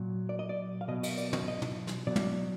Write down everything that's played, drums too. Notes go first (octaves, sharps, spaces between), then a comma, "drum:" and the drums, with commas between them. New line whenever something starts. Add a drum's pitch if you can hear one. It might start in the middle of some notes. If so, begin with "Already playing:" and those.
Already playing: A#2 F#3
D5
D#5
D5
F5
B2 F#3 D#5
D#5, drum: cymbal
D5, drum: hi-hat
D#5, drum: tom
D#5
drum: tom
drum: snare
B2 F#3 D5
drum: tom